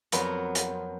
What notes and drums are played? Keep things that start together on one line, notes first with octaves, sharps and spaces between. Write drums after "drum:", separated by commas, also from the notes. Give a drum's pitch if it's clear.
F2 F#3 B3 A#4, drum: hi-hat
drum: hi-hat